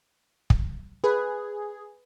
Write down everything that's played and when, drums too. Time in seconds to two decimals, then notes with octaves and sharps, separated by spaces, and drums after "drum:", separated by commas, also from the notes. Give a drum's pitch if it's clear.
0.50 drum: kick
1.04 G#4 B4